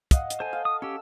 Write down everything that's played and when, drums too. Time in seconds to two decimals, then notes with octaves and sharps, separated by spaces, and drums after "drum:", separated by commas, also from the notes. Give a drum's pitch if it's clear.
0.11 D#5 F5 F#5, drum: kick, hi-hat
0.30 drum: hi-hat
0.40 A4 C5 G#5
0.53 F5
0.65 D#6
0.82 C#4 G4 E6